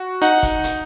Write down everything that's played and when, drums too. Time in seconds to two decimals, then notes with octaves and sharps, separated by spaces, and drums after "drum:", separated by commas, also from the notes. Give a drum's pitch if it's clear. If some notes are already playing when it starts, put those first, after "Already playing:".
Already playing: F#4
0.22 D#4 F#5, drum: hi-hat
0.43 drum: kick, hi-hat
0.64 drum: hi-hat